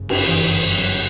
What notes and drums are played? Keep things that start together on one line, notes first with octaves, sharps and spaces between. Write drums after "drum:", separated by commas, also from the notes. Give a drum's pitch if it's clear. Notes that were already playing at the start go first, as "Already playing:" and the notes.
Already playing: G1 F#2 C#3
drum: cymbal
E3
F#3